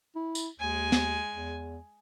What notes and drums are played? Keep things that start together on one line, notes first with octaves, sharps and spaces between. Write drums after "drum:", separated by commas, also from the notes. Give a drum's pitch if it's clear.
E4
drum: tambourine
D#2 G#3 G#5
drum: snare
E2